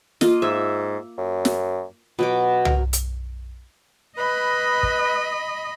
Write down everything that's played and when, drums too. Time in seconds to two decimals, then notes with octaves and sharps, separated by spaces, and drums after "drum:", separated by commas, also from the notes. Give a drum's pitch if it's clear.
0.21 A#3 F4 D#5, drum: snare
0.42 G#2 E5
1.18 F#2
1.45 drum: snare
2.19 B2 F#3 B3 D6
2.65 A#4, drum: tom
2.93 drum: hi-hat
4.18 B4 D#5 B5
4.83 drum: kick